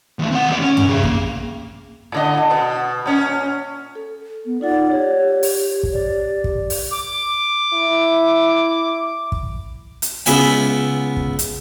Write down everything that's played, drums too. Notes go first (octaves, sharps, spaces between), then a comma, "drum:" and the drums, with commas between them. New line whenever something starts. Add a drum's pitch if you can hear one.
D#2 A3
C4 F#5
D#2 D5
C#4
drum: tom F#2
C3 G#4
A#3, drum: kick
A2 D3 D#5
B2 B3
A#2 C#4
A4
B3
D#4 F4 D5 F#5
G4 C#5
drum: open hi-hat
drum: kick
D5
drum: kick
drum: open hi-hat
D6
E4
drum: kick
drum: hi-hat
C#2 B3 E5 G#5, drum: hi-hat
drum: kick
drum: hi-hat